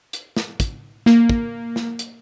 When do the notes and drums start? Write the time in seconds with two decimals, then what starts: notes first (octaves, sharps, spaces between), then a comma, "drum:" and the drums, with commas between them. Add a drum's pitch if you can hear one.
0.13 drum: hi-hat
0.37 drum: snare
0.60 drum: kick, hi-hat
1.06 A#3, drum: snare
1.29 drum: kick
1.76 drum: snare
1.99 drum: hi-hat